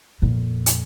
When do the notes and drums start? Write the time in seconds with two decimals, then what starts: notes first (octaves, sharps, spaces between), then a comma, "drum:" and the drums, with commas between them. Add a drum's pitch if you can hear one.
0.22 F2 A#2
0.66 drum: hi-hat